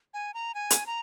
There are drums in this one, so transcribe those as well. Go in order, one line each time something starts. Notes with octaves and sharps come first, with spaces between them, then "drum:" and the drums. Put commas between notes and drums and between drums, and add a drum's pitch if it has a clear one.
G#5
A#5
G#5
drum: hi-hat
A#5